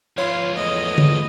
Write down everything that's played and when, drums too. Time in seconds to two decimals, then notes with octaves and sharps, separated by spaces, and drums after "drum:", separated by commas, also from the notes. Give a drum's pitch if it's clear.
0.18 F3 B3 F4 C#5
0.56 E2 A3 D#5
0.98 drum: tom